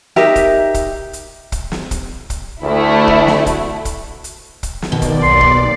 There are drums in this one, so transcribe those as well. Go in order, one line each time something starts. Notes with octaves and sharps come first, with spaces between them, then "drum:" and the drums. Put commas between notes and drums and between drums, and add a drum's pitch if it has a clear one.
D#4 G4 A#4 E5, drum: snare
drum: kick, hi-hat
drum: kick, hi-hat
drum: hi-hat
drum: kick, hi-hat
drum: snare
drum: kick, hi-hat
drum: kick, hi-hat
D2 A3 E4
drum: kick
drum: snare
drum: kick, hi-hat
drum: kick, hi-hat
drum: hi-hat
drum: kick, hi-hat
drum: snare
D#2 B2 D#3 D5
drum: kick, hi-hat
B1 C6
drum: kick